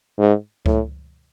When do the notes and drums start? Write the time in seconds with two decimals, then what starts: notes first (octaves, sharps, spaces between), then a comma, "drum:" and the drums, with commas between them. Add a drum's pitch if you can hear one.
0.19 G#2
0.66 A2, drum: kick C#2